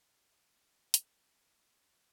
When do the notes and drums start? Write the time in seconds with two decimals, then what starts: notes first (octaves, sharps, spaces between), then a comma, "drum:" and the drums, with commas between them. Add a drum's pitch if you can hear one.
0.11 D5
0.20 C#4
0.30 D5
0.50 D3 G4
0.78 D3
0.94 drum: hi-hat
1.08 A3
1.37 C#4
1.66 F#3 F#4
1.96 F#3